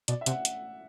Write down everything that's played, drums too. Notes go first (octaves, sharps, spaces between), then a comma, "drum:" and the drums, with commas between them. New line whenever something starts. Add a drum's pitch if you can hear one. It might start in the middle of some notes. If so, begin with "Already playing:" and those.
B2 D5, drum: hi-hat
E5
C3 F#5, drum: hi-hat
drum: hi-hat